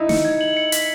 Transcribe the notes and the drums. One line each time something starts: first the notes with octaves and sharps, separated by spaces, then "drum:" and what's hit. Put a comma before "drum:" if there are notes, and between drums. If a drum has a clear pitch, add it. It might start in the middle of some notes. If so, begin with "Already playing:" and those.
Already playing: D#4 E4
C#7, drum: snare
G#6
F#7
C#7
B6, drum: hi-hat